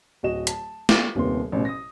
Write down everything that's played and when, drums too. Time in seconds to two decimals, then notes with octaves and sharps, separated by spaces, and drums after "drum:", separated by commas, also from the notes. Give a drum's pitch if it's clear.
0.23 D1 F#4 D#5 E7
0.47 A5, drum: hi-hat
0.89 D6, drum: snare
1.15 D#1 D#2 C3 B3 C6
1.52 A1 B2
1.65 D#6 A#6